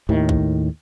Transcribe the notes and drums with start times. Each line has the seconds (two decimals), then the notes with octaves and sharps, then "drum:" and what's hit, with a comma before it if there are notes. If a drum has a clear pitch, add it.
0.09 D#2 A2 D#3
0.29 drum: kick B1